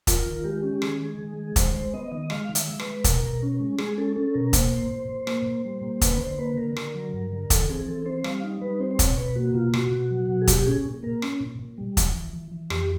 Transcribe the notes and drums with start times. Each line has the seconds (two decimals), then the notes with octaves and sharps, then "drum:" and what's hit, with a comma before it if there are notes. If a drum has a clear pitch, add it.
0.07 F4 A#4, drum: kick, hi-hat
0.26 D#3
0.44 G#3 G4
0.63 C#4
0.82 D#3 G#4, drum: rim click
1.01 G#3
1.18 D#3
1.37 G#3
1.56 D#3 C5, drum: kick, hi-hat
1.74 G#3 C5
1.94 B3 D#5
2.12 D#3 D#5
2.30 G#3 F5, drum: rim click
2.49 D#3
2.55 E5, drum: hi-hat
2.67 G#3
2.79 B4, drum: rim click
2.86 G#3
3.04 B2 A#4, drum: kick, hi-hat
3.23 B2
3.42 C#4
3.60 G#3
3.78 G#3 G#4, drum: rim click
3.98 C#4 A4
4.16 C#4 A4
4.34 B2 A#4
4.53 A#3 C5, drum: kick, hi-hat
4.72 A#2
4.91 A#2
5.09 A#2
5.27 A#3, drum: rim click
5.46 A#2
5.65 G3
5.83 A#3
6.01 D3 B4, drum: kick, hi-hat
6.20 D3 C5
6.38 A#3 B4
6.57 D3 A#4
6.76 D3, drum: rim click
6.95 F#3
7.13 G2
7.32 D3
7.50 E3 A4, drum: kick, hi-hat
7.69 C4 G#4
7.87 E3 A4
8.06 C4 C5
8.24 G3 F5, drum: rim click
8.44 D#4
8.61 G3 B4
8.80 C4 C5
8.91 C5
8.99 B2 C#5, drum: kick, hi-hat
9.17 B2 B4
9.36 A#3 F#4
9.54 B2 F4
9.74 B2 F#4, drum: rim click
9.91 B2
10.11 F#3
10.29 B2
10.41 G#4
10.47 A#2 G4, drum: kick, hi-hat
10.66 C#4 G#4
10.85 A#2
11.03 A#3 A#4
11.22 C#4, drum: rim click
11.40 A#2
11.59 A#2
11.78 G3
11.97 E3, drum: kick, hi-hat
12.15 E3
12.33 E3
12.51 E3
12.70 F2 G4, drum: rim click